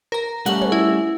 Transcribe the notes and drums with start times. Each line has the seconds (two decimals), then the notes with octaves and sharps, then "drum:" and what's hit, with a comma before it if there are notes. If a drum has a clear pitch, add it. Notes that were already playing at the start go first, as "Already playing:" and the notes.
0.12 A#4 A#5
0.46 G3 A3 C#4 F#5, drum: hi-hat
0.61 drum: tom
0.72 E4